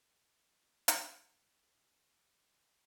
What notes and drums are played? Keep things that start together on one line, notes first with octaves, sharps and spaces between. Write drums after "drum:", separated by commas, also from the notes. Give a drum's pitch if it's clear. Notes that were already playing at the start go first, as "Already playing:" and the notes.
drum: hi-hat
C#4 G4
C4